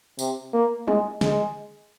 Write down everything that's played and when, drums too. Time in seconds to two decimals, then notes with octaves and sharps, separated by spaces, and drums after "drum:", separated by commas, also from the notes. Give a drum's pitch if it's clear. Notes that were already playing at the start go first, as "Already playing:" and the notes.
0.19 C3, drum: tambourine
0.53 A#3
0.88 G#3, drum: tom G3
1.21 G#3, drum: snare